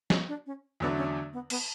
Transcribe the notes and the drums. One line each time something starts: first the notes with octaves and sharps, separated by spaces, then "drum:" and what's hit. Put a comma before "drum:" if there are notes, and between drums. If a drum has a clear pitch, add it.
C#4, drum: snare
D4
C#4
E2 D3 F#3 A3 B3 D4
C#4
B3
B3, drum: cymbal